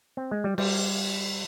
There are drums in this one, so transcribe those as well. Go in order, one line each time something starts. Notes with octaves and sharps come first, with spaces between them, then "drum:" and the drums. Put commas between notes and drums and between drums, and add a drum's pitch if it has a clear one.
C4
G#3
G3
G3, drum: cymbal